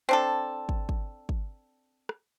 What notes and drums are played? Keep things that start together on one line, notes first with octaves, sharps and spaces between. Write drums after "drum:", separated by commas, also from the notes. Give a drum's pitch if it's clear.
C4 D4 A4
drum: kick
drum: kick
drum: kick
drum: rim click